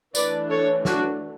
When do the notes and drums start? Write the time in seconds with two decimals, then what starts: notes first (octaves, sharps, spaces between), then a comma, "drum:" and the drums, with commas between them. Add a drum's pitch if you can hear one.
0.15 E3 A3 D4 B4 D5, drum: tambourine
0.50 A4 C#5
0.85 D4 F#4, drum: snare